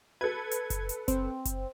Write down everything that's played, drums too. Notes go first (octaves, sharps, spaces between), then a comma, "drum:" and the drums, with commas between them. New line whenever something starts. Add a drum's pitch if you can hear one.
A4 B4 G#6
drum: hi-hat
drum: kick F#1, hi-hat
drum: hi-hat
C4, drum: kick F#1, hi-hat
drum: kick F#1, hi-hat